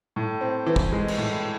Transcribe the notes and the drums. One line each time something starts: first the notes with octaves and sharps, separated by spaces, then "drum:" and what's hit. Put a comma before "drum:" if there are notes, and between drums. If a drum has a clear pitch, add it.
A2
C4
E3
drum: kick
G#3
drum: cymbal
A2